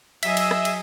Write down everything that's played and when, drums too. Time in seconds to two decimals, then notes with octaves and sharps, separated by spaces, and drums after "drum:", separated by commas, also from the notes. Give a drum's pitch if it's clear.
0.23 F#3 G#4 D#5 E5, drum: cymbal
0.37 drum: cymbal
0.51 drum: rim click
0.65 drum: cymbal